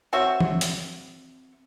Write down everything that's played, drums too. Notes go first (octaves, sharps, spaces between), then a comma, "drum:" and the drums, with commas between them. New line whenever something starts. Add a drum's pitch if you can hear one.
C4 F#4 C#5 E5
drum: tom
drum: hi-hat